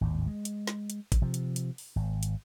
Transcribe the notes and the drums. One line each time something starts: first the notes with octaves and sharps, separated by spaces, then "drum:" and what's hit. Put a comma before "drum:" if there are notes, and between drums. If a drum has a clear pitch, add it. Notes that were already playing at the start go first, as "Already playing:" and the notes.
G#1 D#2 A2
G#3
drum: hi-hat
drum: snare
drum: hi-hat
drum: kick A1, hi-hat
C3 F3
drum: hi-hat
drum: hi-hat
drum: open hi-hat
G#1
drum: hi-hat